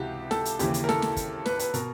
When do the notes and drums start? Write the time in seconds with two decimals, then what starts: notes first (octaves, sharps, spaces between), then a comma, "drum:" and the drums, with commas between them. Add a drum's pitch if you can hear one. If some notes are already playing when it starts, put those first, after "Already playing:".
Already playing: C#2 C3 E3 F#4 G4
0.31 A4, drum: snare
0.45 drum: hi-hat
0.59 D#2 C#3 E3 G4, drum: hi-hat
0.74 drum: hi-hat
0.84 A#4
0.89 A4, drum: snare
1.02 drum: snare
1.16 drum: kick, hi-hat
1.46 B4, drum: snare
1.59 B4, drum: hi-hat
1.74 B2 A#4, drum: hi-hat